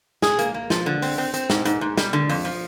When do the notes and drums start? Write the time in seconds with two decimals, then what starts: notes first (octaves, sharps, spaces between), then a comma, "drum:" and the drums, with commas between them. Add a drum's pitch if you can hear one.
0.22 G#4, drum: snare
0.39 A#3, drum: hi-hat
0.54 A#3
0.70 F3, drum: snare
0.86 D3
1.02 C4, drum: open hi-hat
1.18 C4
1.34 C4, drum: hi-hat
1.50 G#2, drum: snare
1.65 G#2, drum: hi-hat
1.81 G#2
1.97 G3, drum: snare
2.13 D3
2.29 F2, drum: open hi-hat
2.45 F3